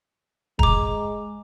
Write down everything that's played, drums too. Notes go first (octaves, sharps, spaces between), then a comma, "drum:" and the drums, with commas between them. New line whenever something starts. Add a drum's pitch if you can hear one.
G#3 A#5 D6, drum: kick